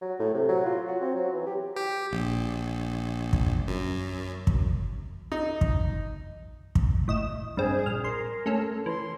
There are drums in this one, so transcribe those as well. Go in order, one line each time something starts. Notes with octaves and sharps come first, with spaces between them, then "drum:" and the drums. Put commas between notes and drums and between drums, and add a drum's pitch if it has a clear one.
F#3
A2
C3
F#3
F4
F#4
C4
F#3
E3
G4
G4
A#1
drum: kick
F#2
drum: kick
D#4
drum: kick
drum: kick
A2 D#5 E7
G2 C4 G#4
A#1 F6
A#4 C6
A3 C#4 A4
E3 C6